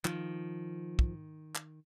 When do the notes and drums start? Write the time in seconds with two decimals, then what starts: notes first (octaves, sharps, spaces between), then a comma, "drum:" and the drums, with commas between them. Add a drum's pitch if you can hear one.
0.05 D#3 F3, drum: clap
0.99 drum: kick
1.55 drum: clap